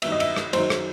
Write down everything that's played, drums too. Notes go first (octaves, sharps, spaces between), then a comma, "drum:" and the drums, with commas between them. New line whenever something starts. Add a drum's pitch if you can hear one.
G2 D#3 F#3 B3 E5, drum: cymbal
D#5
E5, drum: cymbal
drum: rim click
F#2 D#3 F#3 C5, drum: cymbal
drum: rim click